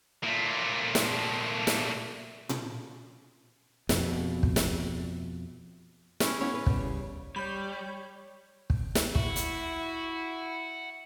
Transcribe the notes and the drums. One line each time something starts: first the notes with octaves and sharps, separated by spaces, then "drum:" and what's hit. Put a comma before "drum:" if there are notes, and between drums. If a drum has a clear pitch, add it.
A#2 A3
drum: snare
drum: snare
drum: tom A#2
F2 B2, drum: snare
drum: kick
drum: snare
C#4 E4, drum: snare
B3 C#4 E4 C#5
B4
C#3 G3, drum: kick
G3 C#5 B5 G6
drum: kick
drum: snare
E4 F#4, drum: kick
drum: hi-hat